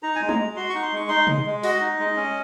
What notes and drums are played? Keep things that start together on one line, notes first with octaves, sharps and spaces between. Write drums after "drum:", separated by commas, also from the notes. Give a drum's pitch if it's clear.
D#4 A#5
G#5
G#3
A#5, drum: tom
G#3
F#4 C6
D#4 C#6
C6
G#3 C#6
D#4 C6
G#3, drum: tom B2
G#3
F#4 D#5, drum: open hi-hat
D#4
G#3
C#4